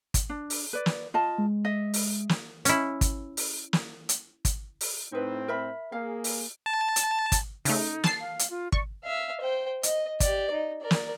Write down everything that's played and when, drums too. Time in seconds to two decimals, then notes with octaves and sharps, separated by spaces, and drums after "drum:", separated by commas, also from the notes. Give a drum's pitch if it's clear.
0.14 drum: kick, hi-hat
0.29 D4
0.50 drum: open hi-hat
0.73 B4 D5
0.86 drum: snare
1.14 F4 D#5 A5
1.38 G#3
1.65 D#5 E5
1.94 drum: open hi-hat
2.29 drum: snare
2.65 C#4 E4, drum: hi-hat
3.01 drum: kick, hi-hat
3.37 drum: open hi-hat
3.73 drum: snare
4.09 drum: hi-hat
4.45 drum: kick, hi-hat
4.81 drum: open hi-hat
5.12 A2 C4 D#4 B4
5.48 A#4 E5 B5
5.92 A#3 G#4 F5
6.24 drum: open hi-hat
6.66 A5
6.96 drum: hi-hat
7.32 drum: kick, hi-hat
7.65 C#3 A3 D#4, drum: open hi-hat
8.04 A5 C7, drum: snare
8.20 F5
8.39 drum: hi-hat
8.50 F4
8.72 D5 C#6, drum: kick
9.04 E5 F5
9.41 C5 G5
9.83 D#5, drum: hi-hat
10.20 G4 D5, drum: kick, hi-hat
10.51 D#4
10.82 A#4 D5
10.91 drum: snare